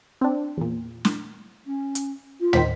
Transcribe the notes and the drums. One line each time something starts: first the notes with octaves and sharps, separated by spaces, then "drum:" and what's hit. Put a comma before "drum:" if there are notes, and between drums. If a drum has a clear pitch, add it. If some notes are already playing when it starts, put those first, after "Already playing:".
C4 D4
E2 A#2
drum: snare
C#4
drum: hi-hat
F4
D#3 C5 B6, drum: tom